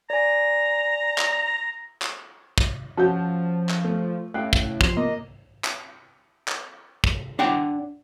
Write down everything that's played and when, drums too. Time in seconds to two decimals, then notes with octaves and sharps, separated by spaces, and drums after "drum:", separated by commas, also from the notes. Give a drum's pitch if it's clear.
0.10 D5 G#5 A#5
1.18 drum: clap
2.02 drum: clap
2.58 drum: kick
2.97 F3 C#4 F#4 A4 A5 G6
3.69 drum: clap
3.84 A3
4.34 A2 C#4 F5 G5 F#6
4.53 drum: kick
4.81 F3 C6, drum: kick
4.97 A#3 D#5
5.64 drum: clap
6.48 drum: clap
7.04 drum: kick
7.39 D4 F#5 G5